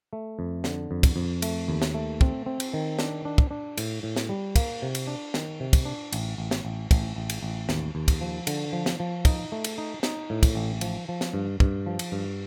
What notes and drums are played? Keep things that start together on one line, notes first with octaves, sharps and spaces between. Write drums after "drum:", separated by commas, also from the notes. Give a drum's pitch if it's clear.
A3
F2
D3, drum: snare
F2
drum: kick, cymbal
F2
A3, drum: cymbal
D#2
drum: snare
A3
C4, drum: kick
C4
drum: cymbal
D#3
D4, drum: snare
D4
drum: kick
D4
A2, drum: cymbal
A2
drum: snare
G3
A#3, drum: kick, cymbal
C3
drum: cymbal
D4
D#3, drum: snare
C3
drum: kick, cymbal
D4
A1, drum: cymbal
A1
drum: snare
A1
A1, drum: kick, cymbal
A1
drum: cymbal
A1
D#2, drum: snare
D#2
drum: kick, cymbal
F3
D3, drum: cymbal
F3
drum: snare
F3
D#4, drum: kick, cymbal
A3
drum: cymbal
D#4
D#4, drum: snare
A2
drum: kick, cymbal
A1
F3, drum: cymbal
F3
drum: snare
G2
G2, drum: kick
F3
drum: cymbal
G2